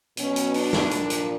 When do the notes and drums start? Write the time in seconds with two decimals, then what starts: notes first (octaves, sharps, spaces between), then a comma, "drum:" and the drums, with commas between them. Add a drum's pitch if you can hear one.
0.17 B2 F#3 C#4, drum: hi-hat
0.36 drum: hi-hat
0.54 D4, drum: open hi-hat
0.73 drum: snare
0.91 A#2 F3, drum: hi-hat
1.10 drum: hi-hat